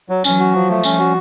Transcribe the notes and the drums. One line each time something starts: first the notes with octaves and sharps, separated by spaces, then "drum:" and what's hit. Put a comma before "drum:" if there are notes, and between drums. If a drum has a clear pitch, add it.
F#3
E3 F#3 C#4, drum: tambourine
F#4
F3
A3
F3 G3 C#4, drum: tambourine
F#4